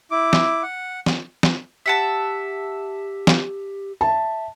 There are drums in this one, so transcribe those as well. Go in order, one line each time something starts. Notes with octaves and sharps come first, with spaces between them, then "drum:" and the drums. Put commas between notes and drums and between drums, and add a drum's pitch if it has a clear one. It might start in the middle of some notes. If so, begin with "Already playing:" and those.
E4 D6
drum: snare
F#5
drum: snare
drum: snare
G4 E5 F#5 A5
drum: snare
E5 A5